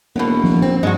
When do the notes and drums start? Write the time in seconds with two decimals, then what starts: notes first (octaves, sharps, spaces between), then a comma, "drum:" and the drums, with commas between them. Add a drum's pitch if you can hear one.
0.16 E1 B2 F#3 A#3
0.44 drum: tom F3
0.62 C4
0.83 G2 G#3 F#4 D#5